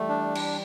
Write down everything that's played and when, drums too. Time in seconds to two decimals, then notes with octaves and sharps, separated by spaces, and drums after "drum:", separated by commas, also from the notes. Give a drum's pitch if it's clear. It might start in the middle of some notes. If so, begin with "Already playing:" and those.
Already playing: E3 G3 A3
0.09 D4
0.35 drum: cymbal